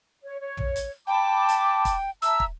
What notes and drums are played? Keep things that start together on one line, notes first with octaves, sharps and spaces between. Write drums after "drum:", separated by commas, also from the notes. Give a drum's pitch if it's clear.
C#5
C#5
drum: tom
drum: hi-hat
G5 A5 B5 D6
drum: hi-hat
drum: kick, hi-hat
E5 A5 A#5 E6, drum: hi-hat
drum: kick